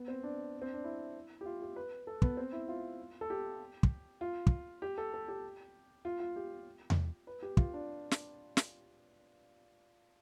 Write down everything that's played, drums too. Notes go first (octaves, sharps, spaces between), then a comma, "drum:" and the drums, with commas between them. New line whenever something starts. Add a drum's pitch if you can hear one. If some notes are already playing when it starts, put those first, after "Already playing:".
Already playing: B3
C4
D4
C4
D4
E4
G4
F4
G4
B4
A4
B3, drum: kick
C4
E4
F4
A4
G4
drum: kick
F4
drum: kick
G4
A4
A4
G4
F4
F4
G4
drum: tom E2
B4
G4
F4, drum: kick
D4
drum: snare
drum: snare